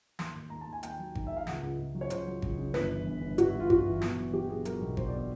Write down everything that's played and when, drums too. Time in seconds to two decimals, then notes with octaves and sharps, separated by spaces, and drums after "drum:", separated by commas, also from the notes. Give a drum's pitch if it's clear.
0.19 D#2 C6, drum: snare
0.35 D#2
0.50 D#2 A#5
0.61 A5
0.67 D#2
0.73 G#5
0.83 D#2 G5, drum: hi-hat
0.99 F#3
1.15 D#3, drum: kick G#1
1.27 D#2 E5
1.37 F5
1.47 C#2 F#5, drum: snare
1.63 C#2
1.78 C#2
1.95 F#3
2.01 C#5
2.10 C#2 C5, drum: hi-hat
2.27 F#3
2.42 C#2, drum: kick G#1
2.58 C#3
2.74 G1 B4, drum: snare
2.90 E3
3.07 G1
3.21 G1
3.38 G2 F#4, drum: hi-hat
3.48 E4
3.54 G2
3.60 F4
3.70 G2 F#4, drum: kick G#1
3.86 E3
4.02 B2, drum: snare
4.17 F#3
4.33 F#3 G4
4.50 B2 G#4
4.65 F#3 A#4, drum: hi-hat
4.81 B1
4.97 F#3 C5, drum: kick G#1
5.08 D5
5.13 B2
5.19 D5